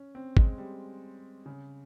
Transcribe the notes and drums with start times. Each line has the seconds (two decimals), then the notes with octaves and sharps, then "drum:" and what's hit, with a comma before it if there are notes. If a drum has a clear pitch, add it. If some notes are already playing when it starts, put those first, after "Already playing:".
Already playing: C#4
0.15 C4
0.37 G#3, drum: kick G#1
0.58 G3
1.46 C#3